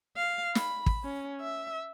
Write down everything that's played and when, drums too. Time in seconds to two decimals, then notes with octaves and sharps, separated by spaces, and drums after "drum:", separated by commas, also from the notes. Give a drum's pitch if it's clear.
0.17 F5
0.55 B5, drum: snare
0.86 drum: kick
1.04 C#4
1.41 E5